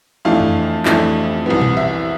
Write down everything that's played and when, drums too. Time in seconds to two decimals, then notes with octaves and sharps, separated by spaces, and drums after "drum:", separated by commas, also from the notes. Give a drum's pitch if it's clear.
0.25 F2 E3 A3 D4 F5
0.40 drum: tom F2
0.85 F2 E3 A3 D4, drum: clap
1.46 C2 C3 E3 B3
1.61 drum: tom A#2
1.77 E5